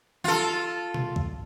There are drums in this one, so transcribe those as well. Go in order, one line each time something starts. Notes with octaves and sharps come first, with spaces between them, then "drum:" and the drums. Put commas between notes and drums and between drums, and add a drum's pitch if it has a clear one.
F4 A4, drum: tom E3
drum: tom B2
drum: kick